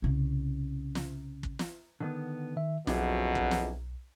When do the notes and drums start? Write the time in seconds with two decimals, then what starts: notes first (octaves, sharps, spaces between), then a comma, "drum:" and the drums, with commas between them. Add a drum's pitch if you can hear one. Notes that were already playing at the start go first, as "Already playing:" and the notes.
0.02 C2 C#3
0.95 drum: snare
1.43 drum: kick
1.59 drum: snare
2.00 D3 D#3 B3
2.56 D#3 E5
2.87 B1 F2 B2 F#3 D4 E4 G#4, drum: snare
3.35 drum: kick
3.51 drum: snare